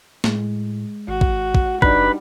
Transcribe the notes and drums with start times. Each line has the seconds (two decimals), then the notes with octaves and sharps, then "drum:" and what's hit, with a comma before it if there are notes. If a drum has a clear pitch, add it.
0.24 A2 G#3, drum: snare
1.08 G#1 F#4
1.21 drum: kick A1
1.55 drum: kick A1
1.82 F#1 G3 D4 D#4 B4, drum: kick A1